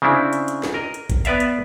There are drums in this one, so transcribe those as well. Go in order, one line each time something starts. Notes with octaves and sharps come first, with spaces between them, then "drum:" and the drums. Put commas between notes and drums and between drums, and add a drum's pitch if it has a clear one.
C#3 C4 D4 E4
drum: hi-hat
drum: hi-hat
drum: snare
A#4 D#5
drum: hi-hat
drum: kick, hi-hat
B3 B4 D5 E5 F5, drum: hi-hat
drum: hi-hat